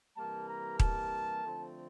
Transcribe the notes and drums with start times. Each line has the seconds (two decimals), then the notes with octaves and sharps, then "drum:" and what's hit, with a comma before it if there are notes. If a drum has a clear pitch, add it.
0.17 C3 E3 G3 A#3 A5
0.48 A#5
0.80 A5, drum: kick D#1
1.42 D3 F3 A3 C4